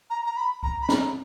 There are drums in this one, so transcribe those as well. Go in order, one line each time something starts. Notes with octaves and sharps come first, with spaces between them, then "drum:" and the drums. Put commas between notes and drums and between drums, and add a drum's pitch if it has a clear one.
A#5
A#5
B5
A#5, drum: kick C#2
B5
A#5, drum: snare